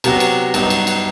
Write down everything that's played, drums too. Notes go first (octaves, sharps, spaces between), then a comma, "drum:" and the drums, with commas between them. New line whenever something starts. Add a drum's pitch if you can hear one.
C3 F#3 B3 F#4, drum: cymbal
drum: cymbal
G2 F#3 B3 D#4 F#4, drum: cymbal
drum: cymbal
drum: cymbal